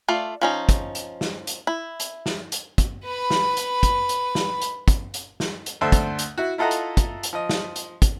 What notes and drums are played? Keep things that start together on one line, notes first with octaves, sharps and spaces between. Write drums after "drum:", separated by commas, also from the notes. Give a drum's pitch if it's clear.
A3 F4 D5 F5
F3 C#4 D#4
drum: kick, hi-hat
drum: hi-hat
drum: snare
drum: hi-hat
E4
drum: hi-hat
drum: snare
drum: hi-hat
drum: kick, hi-hat
B4 B5
drum: snare
drum: hi-hat
drum: kick, hi-hat
drum: hi-hat
drum: snare
drum: hi-hat
drum: kick, hi-hat
drum: hi-hat
drum: snare
drum: hi-hat
D2 A4 C5 E5 C6
drum: kick, hi-hat
drum: hi-hat
E4 F#4
E4 F4 A4 D#5 F#5 A#5
drum: hi-hat
drum: kick, hi-hat
drum: hi-hat
F3 D#5
drum: snare
drum: hi-hat
drum: kick, hi-hat